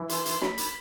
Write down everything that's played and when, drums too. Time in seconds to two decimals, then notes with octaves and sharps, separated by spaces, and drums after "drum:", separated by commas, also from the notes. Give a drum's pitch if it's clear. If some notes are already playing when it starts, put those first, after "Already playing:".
Already playing: E3
0.09 C6, drum: hi-hat
0.25 drum: hi-hat
0.41 B5, drum: snare
0.58 drum: hi-hat